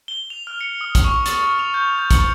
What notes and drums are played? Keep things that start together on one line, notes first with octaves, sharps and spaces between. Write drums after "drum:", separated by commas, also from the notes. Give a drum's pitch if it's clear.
G7
F7
F6
C#7
D#6
drum: kick, hi-hat
C#6
A6, drum: hi-hat
F6
F7
G6
G6
C#7, drum: kick, hi-hat